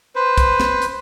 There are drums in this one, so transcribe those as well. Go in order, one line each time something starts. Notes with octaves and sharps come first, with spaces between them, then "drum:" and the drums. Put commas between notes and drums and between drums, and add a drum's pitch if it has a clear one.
B4 C5
drum: kick, hi-hat
drum: snare
drum: hi-hat